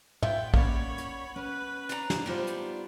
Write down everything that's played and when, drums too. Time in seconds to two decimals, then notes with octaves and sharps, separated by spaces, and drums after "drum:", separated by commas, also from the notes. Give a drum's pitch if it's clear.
0.23 B3 F4 E5 G5, drum: tom
0.54 A#3 C#4 C#5 D5 B5, drum: kick
0.98 drum: hi-hat
1.36 C#4 B4
1.89 D4 A#5, drum: hi-hat
2.10 drum: snare
2.26 G3 B3 D4 D#4 F4 C5
2.47 drum: hi-hat